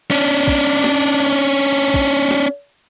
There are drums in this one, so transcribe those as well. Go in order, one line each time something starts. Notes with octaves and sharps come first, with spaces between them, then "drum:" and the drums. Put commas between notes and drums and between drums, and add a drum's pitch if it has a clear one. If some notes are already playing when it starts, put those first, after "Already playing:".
C#4 D4
drum: kick
drum: snare
drum: kick
drum: snare